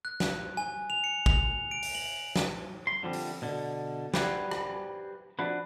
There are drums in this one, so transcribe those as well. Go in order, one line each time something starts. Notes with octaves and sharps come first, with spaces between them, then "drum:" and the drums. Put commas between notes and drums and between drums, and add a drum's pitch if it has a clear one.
F#6
drum: snare
G#5
F7
C#7
F7, drum: kick G#1
D7
drum: open hi-hat
F#7
drum: snare
C6
D3 F3 G3 C4
drum: open hi-hat
B2 D3
G4 B4 C5 D5 F#5 G#5, drum: snare
drum: rim click
F3 D4 F#4 B4